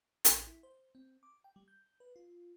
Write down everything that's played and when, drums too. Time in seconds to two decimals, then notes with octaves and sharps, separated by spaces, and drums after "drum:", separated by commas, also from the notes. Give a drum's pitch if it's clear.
0.25 A1, drum: hi-hat
0.47 E4
0.63 C5
0.95 C4
1.23 D6
1.44 G5
1.56 G3
1.68 G6
2.00 B4
2.16 F4